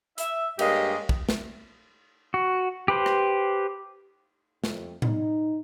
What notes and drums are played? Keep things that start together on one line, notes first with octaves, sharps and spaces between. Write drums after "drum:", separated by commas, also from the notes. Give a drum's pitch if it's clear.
E5, drum: hi-hat
G2 G#3 A#3 G4 C#5 D#5, drum: cymbal
drum: kick
drum: snare
F#4
G4 B4 C5
drum: rim click
F2, drum: snare
D#4, drum: tom A2